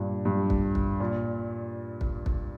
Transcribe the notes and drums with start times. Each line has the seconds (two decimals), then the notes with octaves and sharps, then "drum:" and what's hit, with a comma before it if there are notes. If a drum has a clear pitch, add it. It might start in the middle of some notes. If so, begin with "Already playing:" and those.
Already playing: G2 A#2
0.25 G2
0.50 drum: kick
0.75 drum: kick
1.00 A#2
2.01 drum: kick
2.26 drum: kick